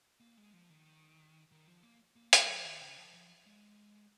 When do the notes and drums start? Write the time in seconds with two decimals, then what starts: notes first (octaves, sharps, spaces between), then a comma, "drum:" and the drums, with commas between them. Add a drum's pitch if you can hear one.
0.20 A#3
0.38 G#3
0.53 F3
0.70 D#3
1.52 D#3
1.67 F3
1.83 A#3
2.16 A#3
2.33 G#3, drum: hi-hat
2.49 F3
2.65 D#3
2.81 C#3
2.97 F3
3.14 F3
3.46 G#3